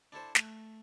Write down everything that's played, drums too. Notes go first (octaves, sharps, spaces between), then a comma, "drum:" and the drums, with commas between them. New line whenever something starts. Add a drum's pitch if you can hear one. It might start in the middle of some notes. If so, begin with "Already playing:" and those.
D4 E4 A4 C5
A3, drum: snare